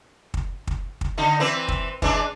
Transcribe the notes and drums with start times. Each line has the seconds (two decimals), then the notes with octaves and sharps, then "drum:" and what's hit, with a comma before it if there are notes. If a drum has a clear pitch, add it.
0.34 drum: kick
0.67 drum: kick
1.01 drum: kick
1.18 D3 D#4
1.40 E3 C4 B4
1.68 drum: kick
2.02 E3 G#3 D4, drum: kick